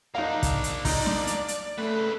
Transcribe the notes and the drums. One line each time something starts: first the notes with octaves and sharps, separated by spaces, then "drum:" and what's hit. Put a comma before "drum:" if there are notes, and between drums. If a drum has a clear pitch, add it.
A#3 D4 D#4 F5
drum: kick, hi-hat
drum: hi-hat
D#4 D5, drum: kick, open hi-hat
drum: snare
drum: hi-hat
drum: hi-hat
C#3 A3 B4